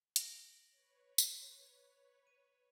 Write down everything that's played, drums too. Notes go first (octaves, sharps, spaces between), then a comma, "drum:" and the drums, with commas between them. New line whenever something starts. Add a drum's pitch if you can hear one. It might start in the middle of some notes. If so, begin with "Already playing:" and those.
A#6 D7 F#7, drum: hi-hat
B4 C#5
drum: tambourine
D#7